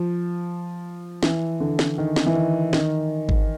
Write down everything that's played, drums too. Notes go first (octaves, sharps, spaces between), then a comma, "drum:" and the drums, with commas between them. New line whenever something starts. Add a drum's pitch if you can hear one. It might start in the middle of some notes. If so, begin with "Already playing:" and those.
Already playing: F3
E3, drum: snare
D3
drum: snare
D#3
drum: snare
E3
D#3
D#3, drum: snare
drum: kick G#1